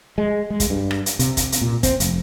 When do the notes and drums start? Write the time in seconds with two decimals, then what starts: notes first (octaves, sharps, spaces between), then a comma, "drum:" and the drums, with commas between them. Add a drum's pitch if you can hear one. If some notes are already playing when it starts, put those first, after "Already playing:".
0.18 G#3
0.50 G#3
0.60 drum: kick, hi-hat
0.70 G2
0.91 drum: rim click
1.06 drum: hi-hat
1.19 C3, drum: hi-hat
1.37 drum: kick, hi-hat
1.52 drum: hi-hat
1.61 A#2
1.83 C4, drum: kick, hi-hat
2.00 F1, drum: hi-hat